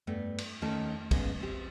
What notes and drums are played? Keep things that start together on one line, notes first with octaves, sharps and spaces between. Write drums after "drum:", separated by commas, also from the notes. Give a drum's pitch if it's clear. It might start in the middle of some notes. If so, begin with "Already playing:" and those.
G2 A3 B3
drum: cymbal
D#2 D#3 A3 C#4 A5
G#2 C#3 G#3 B3, drum: kick, cymbal
C4 G4